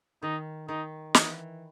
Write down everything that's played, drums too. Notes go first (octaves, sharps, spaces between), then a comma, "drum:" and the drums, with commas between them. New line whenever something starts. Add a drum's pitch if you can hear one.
D#3 D#4
D#3 D#4
E3 D#4, drum: snare